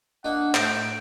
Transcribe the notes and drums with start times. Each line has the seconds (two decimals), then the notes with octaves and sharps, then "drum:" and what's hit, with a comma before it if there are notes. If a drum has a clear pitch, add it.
0.25 A#3 D4 D#4 F#5
0.55 A2 G6 D7, drum: clap